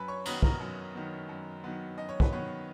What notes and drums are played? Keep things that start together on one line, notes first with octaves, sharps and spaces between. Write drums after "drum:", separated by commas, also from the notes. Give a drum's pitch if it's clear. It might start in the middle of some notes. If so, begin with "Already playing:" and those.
Already playing: F#2 B4 B5
C#5 C#6
D#3 F#3 B3 B4 B5, drum: cymbal
A#4 A#5, drum: kick
F#2
D#3 F#3 B3
F#2
D#3 F#3 B3
F#2 D#5
C#5
B4, drum: kick
D#3 F#3 B3 C#5